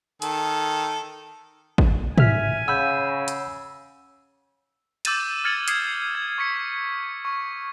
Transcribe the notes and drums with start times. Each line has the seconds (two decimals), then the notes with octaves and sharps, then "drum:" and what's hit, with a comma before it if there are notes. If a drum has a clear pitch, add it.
0.22 D#3 A4, drum: hi-hat
1.78 drum: kick G#1
2.18 E5 G#5 F6 B6, drum: tom
2.68 C#3 F#5 B5 E6 G6
3.28 drum: hi-hat
5.05 D6 E6 G6 A6 D#7 E7, drum: cymbal
5.44 F6 G#6 A6 C#7 D#7 F#7
5.68 D#6 G#6 C7 C#7 D#7, drum: hi-hat
6.15 G#6
6.38 C#6 G#6 B6 C#7
7.25 C#6